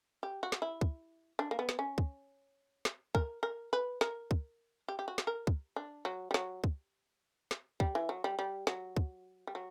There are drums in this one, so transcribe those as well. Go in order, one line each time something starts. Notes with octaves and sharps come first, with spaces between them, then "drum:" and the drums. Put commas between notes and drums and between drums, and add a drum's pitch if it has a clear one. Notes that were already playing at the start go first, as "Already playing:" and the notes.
G4
F#4
drum: snare
E4
drum: kick
D4
A#3
B3
drum: snare
C#4
drum: kick
drum: snare
A#4, drum: kick
A#4
B4
A#4, drum: snare
drum: kick
G4
G4
F#4
drum: snare
A#4
drum: kick
D4
F#3
G3
F#3, drum: snare
drum: kick
drum: snare
G3, drum: kick
E3
F#3
G3
G3
F#3, drum: snare
drum: kick
G3
F#3